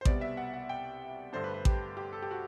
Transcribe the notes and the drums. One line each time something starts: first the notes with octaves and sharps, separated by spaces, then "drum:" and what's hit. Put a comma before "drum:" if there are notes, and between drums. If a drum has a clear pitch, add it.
C5
C2 B2 G3 B3 D5, drum: kick A1
E5
F#5
F#5
G5
G2 D3 A3 D4 C5
B4
B4
G4, drum: kick A1
G4
A4
G4
F#4